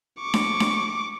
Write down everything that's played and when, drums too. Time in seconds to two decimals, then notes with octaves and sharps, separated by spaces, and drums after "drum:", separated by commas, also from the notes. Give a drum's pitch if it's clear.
0.20 C#6 D6
0.34 drum: snare D4
0.60 drum: snare D4